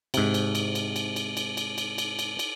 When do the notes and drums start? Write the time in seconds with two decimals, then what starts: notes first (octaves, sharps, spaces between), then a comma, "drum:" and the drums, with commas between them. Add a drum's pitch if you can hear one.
0.14 G#2 C3, drum: cymbal
0.34 drum: cymbal
0.55 drum: cymbal
0.75 drum: cymbal
0.96 drum: cymbal
1.16 drum: cymbal
1.37 drum: cymbal
1.57 drum: cymbal
1.78 drum: cymbal
1.98 drum: cymbal
2.19 drum: cymbal
2.39 drum: cymbal